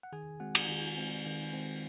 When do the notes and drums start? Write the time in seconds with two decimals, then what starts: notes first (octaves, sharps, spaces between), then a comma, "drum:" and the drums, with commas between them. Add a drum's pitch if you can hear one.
0.03 F#5
0.13 D#3 G#4 G#5
0.40 G#3 C4 F#4 F#5
0.55 drum: cymbal
0.68 D#3
0.97 G#3 C4
1.26 D#3
1.54 G#3 C4